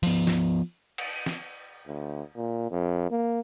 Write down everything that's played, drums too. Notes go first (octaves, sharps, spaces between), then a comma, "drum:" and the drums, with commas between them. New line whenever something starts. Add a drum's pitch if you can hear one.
F3 B3, drum: open hi-hat
drum: snare
drum: cymbal
drum: snare
D2
A#2
F2
A#3